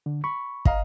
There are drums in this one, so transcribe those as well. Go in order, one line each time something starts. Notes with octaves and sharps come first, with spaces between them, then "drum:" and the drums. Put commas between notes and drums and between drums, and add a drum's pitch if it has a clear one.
D3
B5 C#6
D#5 F5 A#5, drum: kick